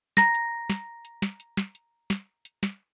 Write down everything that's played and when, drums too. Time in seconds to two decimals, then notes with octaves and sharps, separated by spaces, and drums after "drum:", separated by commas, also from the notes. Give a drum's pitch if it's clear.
0.17 A#5 A#6, drum: snare
0.34 drum: hi-hat
0.70 drum: snare
1.05 drum: hi-hat
1.22 drum: snare
1.40 drum: hi-hat
1.57 drum: snare
1.75 drum: hi-hat
2.10 drum: snare
2.45 drum: hi-hat
2.63 drum: snare